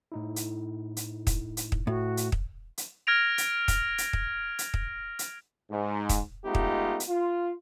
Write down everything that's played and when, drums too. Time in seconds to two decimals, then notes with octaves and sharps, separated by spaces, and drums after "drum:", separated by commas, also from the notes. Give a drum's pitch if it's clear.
0.12 A2 D#4 E4
0.36 drum: hi-hat
0.97 drum: hi-hat
1.27 drum: kick, hi-hat
1.57 drum: hi-hat
1.72 drum: kick
1.87 A2 F#4
2.17 drum: hi-hat
2.32 drum: kick
2.78 drum: hi-hat
3.07 F6 G#6 A#6 D7 F7
3.38 drum: hi-hat
3.68 drum: kick, hi-hat
3.98 drum: hi-hat
4.13 drum: kick
4.59 drum: hi-hat
4.74 drum: kick
5.19 drum: hi-hat
5.72 G#2
6.09 drum: kick, hi-hat
6.45 G#3 A3 B3 D#4 F4 G4
6.55 drum: kick
7.00 drum: hi-hat
7.09 F4